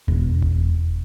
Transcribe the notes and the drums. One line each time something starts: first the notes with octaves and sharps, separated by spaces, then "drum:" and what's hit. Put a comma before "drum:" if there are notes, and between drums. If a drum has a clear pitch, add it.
E1, drum: kick F1
drum: kick F1